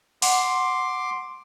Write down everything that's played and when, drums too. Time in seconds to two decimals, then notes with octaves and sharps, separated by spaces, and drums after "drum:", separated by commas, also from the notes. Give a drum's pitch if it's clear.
0.22 F#5 C6 D6, drum: open hi-hat